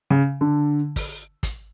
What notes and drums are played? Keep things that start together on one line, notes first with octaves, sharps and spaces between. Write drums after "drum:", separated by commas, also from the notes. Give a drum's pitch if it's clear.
C#3
D3
drum: kick, open hi-hat
drum: kick, hi-hat